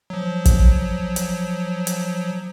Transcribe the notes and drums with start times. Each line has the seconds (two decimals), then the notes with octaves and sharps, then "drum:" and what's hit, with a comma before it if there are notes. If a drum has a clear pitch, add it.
0.10 F3 F#3
0.45 drum: kick, hi-hat
1.16 drum: hi-hat
1.87 drum: hi-hat